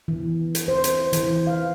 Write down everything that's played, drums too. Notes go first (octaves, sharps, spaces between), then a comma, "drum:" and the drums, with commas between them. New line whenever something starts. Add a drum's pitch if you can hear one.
E3
drum: hi-hat
C5
drum: hi-hat
E3, drum: hi-hat
F5